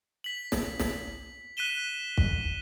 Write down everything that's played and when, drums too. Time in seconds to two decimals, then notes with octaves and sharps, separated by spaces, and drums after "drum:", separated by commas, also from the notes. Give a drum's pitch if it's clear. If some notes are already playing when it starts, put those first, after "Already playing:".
0.24 B6 F#7
0.52 drum: snare
0.80 drum: snare
1.57 F#6 B6 D#7 E7 G7
2.18 drum: kick